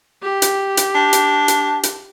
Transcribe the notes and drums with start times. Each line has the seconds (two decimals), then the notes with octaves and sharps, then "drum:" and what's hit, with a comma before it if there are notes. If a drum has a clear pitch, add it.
0.22 G4
0.42 drum: hi-hat
0.77 drum: hi-hat
0.95 D4
1.13 drum: hi-hat
1.48 drum: hi-hat
1.83 drum: hi-hat